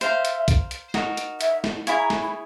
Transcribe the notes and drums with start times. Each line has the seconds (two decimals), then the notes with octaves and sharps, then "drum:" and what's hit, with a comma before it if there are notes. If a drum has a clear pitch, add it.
0.01 C5 E5 F5 A#5, drum: hi-hat
0.25 drum: hi-hat
0.48 drum: kick, hi-hat
0.71 drum: hi-hat
0.94 D#4 F#4 A#4, drum: snare
1.17 drum: hi-hat
1.41 E5, drum: hi-hat
1.64 drum: snare
1.87 E4 G#4 C#5 F5, drum: hi-hat
1.98 A#5
2.10 drum: snare
2.22 B5